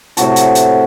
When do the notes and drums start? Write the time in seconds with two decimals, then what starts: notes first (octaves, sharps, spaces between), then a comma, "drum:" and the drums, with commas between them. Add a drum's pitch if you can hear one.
0.17 A2 C3 F#4 A5, drum: hi-hat
0.36 drum: hi-hat
0.55 drum: hi-hat